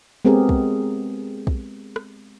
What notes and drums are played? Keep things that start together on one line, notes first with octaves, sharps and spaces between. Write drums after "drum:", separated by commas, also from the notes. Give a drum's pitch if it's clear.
G#3 B3 C4 G4 G#4 A#4
drum: kick
drum: kick
drum: rim click